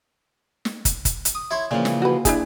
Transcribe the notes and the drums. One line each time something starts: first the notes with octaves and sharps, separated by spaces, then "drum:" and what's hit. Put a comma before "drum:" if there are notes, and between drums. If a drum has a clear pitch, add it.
drum: snare
drum: kick, hi-hat
drum: kick, hi-hat
drum: hi-hat
D#6
E4 C#5 C6
A#2 C#3 E3 F3
drum: snare
F#4 B4
D4 E4 G#4, drum: kick, hi-hat